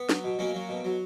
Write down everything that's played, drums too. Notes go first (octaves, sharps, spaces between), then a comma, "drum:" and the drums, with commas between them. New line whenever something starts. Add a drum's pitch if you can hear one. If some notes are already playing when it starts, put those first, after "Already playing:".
Already playing: B3
F#3, drum: snare
B2
F#3 A#3 C#4
F#3
B2
F#3